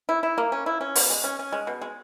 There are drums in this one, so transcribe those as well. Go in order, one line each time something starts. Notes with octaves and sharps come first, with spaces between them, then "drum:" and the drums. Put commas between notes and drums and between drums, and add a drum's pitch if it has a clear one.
E4
E4
A#3
C#4
E4
C#4
B2, drum: open hi-hat
G#3
C#4
C#4
G#3
B2
G#3